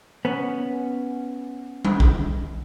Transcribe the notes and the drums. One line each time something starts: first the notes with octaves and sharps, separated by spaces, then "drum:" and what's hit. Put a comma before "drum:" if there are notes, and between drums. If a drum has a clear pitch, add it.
B3 C#4
drum: tom G3
drum: kick